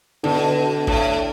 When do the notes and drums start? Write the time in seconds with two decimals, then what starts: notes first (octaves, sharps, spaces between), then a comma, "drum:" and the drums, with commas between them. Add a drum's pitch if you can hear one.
0.23 B2 D3
0.87 A2, drum: kick